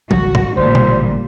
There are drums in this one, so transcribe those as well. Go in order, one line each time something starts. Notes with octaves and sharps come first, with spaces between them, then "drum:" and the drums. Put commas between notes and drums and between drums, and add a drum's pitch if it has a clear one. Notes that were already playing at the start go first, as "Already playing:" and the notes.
G#1 C#2 G3 F#4, drum: tom
drum: tom G#2
A1 A#2 D3 D#3 G3 C5
drum: tom B2